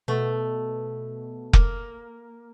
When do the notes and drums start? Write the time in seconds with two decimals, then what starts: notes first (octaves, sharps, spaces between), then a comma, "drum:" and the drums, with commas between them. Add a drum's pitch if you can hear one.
0.08 B2 A3
1.53 A#3, drum: kick F1